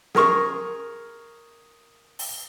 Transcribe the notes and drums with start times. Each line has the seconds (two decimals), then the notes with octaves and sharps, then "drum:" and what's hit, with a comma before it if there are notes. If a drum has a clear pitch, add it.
0.15 G#4 A#4 C#6, drum: snare
2.19 drum: open hi-hat